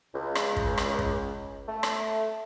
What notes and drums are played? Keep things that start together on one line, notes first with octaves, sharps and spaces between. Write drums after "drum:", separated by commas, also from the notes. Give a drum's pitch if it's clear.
C#2
drum: rim click
drum: kick
drum: rim click
drum: kick
A3
drum: rim click